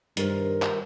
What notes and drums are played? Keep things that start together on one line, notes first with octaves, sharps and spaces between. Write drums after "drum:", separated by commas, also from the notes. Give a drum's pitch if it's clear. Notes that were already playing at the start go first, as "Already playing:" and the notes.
G2 D#3 A#4 C5, drum: hi-hat
drum: clap